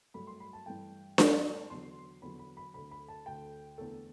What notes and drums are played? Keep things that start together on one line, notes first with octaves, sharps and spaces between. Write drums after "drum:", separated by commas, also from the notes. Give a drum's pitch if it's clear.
G2 F#3 A3 B5
C6
B5
A5
G2 E3 A3 G5
G2 E3 A3 A5, drum: snare D4
E2 D3 F#3 C6
E2 D3 F#3 B5
B5
B5
D2 D3 A3 B5
B5
A5
D2 D3 A3 G5
E2 D3 A3 A4